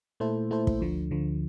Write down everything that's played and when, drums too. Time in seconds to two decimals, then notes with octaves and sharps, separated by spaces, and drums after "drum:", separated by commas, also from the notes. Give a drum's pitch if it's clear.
0.20 A#2 A3 E4 A4 C5
0.51 A#2 A3 E4 A4 C5
0.67 drum: kick
0.81 D2 D3 F3
1.11 D2 D3 F3